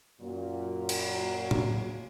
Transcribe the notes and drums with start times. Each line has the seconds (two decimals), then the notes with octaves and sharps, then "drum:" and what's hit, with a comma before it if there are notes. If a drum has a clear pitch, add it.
0.21 F#2 A#2 F#3
0.89 drum: cymbal
1.51 drum: tom A2